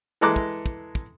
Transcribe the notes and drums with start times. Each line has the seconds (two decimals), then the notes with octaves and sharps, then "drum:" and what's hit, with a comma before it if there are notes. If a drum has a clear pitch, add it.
0.21 E3 G#3 A4 A#5 D6 F#6
0.36 drum: kick
0.66 drum: kick
0.95 drum: kick